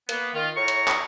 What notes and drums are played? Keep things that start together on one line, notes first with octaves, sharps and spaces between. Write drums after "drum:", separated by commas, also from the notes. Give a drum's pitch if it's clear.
A#3 B3, drum: hi-hat
D#3 F4
A2 C#5 A#5 C#6
drum: hi-hat
drum: clap